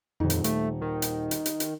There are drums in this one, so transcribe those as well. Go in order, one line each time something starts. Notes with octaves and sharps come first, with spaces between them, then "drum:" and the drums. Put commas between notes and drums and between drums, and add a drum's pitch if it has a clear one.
D#1 F2 D#4
drum: hi-hat
A3, drum: hi-hat
D#3
drum: hi-hat
drum: hi-hat
drum: hi-hat
drum: hi-hat